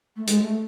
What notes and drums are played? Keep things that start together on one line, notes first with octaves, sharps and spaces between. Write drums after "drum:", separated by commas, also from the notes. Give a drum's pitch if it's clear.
A3
G#3, drum: hi-hat
A3